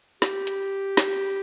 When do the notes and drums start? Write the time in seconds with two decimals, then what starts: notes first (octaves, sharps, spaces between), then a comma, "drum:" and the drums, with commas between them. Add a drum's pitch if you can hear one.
0.22 G4, drum: snare
0.47 drum: hi-hat
0.97 drum: snare